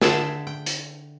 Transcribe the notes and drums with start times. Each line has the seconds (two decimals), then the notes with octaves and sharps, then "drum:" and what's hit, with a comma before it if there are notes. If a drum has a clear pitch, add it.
0.01 D3 G#4 E5 G5 A5, drum: snare
0.47 G5
0.66 drum: hi-hat